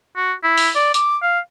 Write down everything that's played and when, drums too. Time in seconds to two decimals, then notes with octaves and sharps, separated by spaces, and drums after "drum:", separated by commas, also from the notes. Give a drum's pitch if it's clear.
0.16 F#4
0.43 E4
0.58 drum: open hi-hat
0.75 D5
0.94 D6, drum: hi-hat
1.22 F5